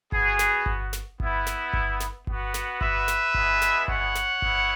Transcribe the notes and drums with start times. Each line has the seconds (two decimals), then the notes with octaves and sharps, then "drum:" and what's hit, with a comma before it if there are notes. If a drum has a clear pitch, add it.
0.12 B3 F#4 G#4, drum: kick G1
0.39 drum: snare
0.66 drum: kick G1
0.93 drum: snare
1.20 B3 E4, drum: kick G1
1.47 drum: snare
1.73 drum: kick G1
2.00 drum: snare
2.27 B3 F#4, drum: kick G1
2.54 drum: snare
2.81 B4 E5, drum: kick G1
3.08 drum: snare
3.34 G#3 B3 E4, drum: kick G1
3.62 drum: snare
3.88 C#5 F#5, drum: kick G1
4.15 drum: snare
4.42 B3 E4, drum: kick G1